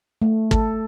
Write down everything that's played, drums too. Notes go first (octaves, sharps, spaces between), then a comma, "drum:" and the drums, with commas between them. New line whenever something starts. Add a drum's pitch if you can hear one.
A3
A4, drum: kick